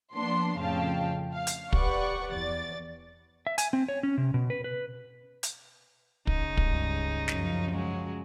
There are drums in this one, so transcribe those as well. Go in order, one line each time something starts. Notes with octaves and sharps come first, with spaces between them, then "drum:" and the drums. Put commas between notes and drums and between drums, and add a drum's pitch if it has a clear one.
F3 A#3 B3 D4 C6
F2 A2 C#3 F5 G5 A5
F5
drum: hi-hat
G4 B4 D5 F#5 C#6, drum: kick
E2 D5 A6
E5
G#5, drum: hi-hat
C4
C#5
C#4
C3
B2
B4
B4
drum: hi-hat
C#3 D#4, drum: kick
C#2 G2, drum: kick
F#2 F3, drum: snare
C#3 F#3 G#3